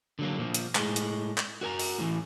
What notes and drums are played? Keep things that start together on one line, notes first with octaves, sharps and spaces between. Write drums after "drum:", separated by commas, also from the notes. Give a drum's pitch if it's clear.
D3 F#3 A#3
A#2 F3
drum: hi-hat
A2 G#3, drum: clap
drum: hi-hat
drum: clap
F#4 A#4 G#5 A#5
drum: open hi-hat
A2 E3